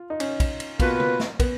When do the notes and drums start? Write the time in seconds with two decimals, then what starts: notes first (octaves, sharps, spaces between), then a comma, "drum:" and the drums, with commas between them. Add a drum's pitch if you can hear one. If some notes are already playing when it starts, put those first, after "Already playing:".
Already playing: F4
0.10 D#4
0.20 C#4, drum: cymbal
0.40 drum: kick, cymbal
0.60 drum: cymbal
0.80 B2 A#3 F4 B4, drum: kick, cymbal
1.00 drum: tom C#3
1.20 drum: snare
1.40 B3, drum: kick, cymbal